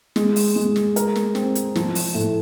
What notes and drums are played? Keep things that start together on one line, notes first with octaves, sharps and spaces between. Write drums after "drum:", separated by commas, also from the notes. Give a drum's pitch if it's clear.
G#3, drum: snare
drum: open hi-hat
G#3
drum: snare
A#4, drum: hi-hat
drum: snare
C4, drum: snare
drum: hi-hat
F3, drum: snare
drum: open hi-hat
A2